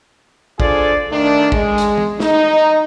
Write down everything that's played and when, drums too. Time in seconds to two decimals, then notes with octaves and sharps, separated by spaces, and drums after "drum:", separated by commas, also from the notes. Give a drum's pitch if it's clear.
0.60 D4 F4 G#4 A4 C5 D5, drum: kick
1.11 D#3 A3 D4
1.52 G#3, drum: kick
1.78 drum: hi-hat
1.98 drum: tom
2.20 D#4, drum: snare